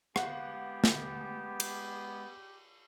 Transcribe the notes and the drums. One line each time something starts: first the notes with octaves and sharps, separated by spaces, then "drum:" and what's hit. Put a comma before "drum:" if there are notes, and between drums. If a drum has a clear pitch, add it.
G#3 B3 G4 F5 F#5, drum: rim click
drum: snare
drum: cymbal